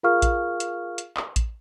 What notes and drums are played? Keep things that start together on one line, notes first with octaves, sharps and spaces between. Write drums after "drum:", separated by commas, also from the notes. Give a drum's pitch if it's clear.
F4 G#4 A#4 F5 C#6 F6
drum: kick A1, hi-hat
drum: hi-hat
drum: hi-hat
drum: clap
drum: kick A1, hi-hat